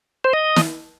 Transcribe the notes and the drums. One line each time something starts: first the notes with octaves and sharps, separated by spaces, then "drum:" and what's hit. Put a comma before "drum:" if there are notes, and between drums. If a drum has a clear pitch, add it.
C5
D#5
drum: snare